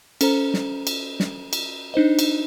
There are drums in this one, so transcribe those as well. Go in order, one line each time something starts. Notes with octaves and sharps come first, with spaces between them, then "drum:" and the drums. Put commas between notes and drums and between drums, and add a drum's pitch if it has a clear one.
C#4 A4 C5 A#5, drum: cymbal
drum: snare
drum: cymbal
drum: snare
drum: cymbal
D4 D#4 C5 D#5
drum: cymbal